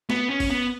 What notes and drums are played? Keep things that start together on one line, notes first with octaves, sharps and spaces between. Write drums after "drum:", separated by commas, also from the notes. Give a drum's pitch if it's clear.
B3, drum: snare
C#4
drum: kick G1, open hi-hat
B3